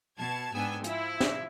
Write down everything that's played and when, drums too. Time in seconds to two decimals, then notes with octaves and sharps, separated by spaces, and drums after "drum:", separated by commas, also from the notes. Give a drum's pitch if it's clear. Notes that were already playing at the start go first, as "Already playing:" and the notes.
0.18 B2 A5 G#6
0.54 G#2 B3 D4 G5 G#5 E6
0.84 F3 E4, drum: hi-hat
1.20 drum: snare